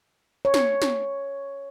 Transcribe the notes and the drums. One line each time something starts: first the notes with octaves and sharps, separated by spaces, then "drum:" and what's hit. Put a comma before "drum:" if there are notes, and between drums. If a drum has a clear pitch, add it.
C#5
drum: snare
drum: snare